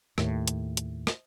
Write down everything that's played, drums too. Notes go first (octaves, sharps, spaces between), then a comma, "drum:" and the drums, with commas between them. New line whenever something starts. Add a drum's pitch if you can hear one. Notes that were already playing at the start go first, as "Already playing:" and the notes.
D#2 A2, drum: rim click
drum: hi-hat
drum: hi-hat
drum: rim click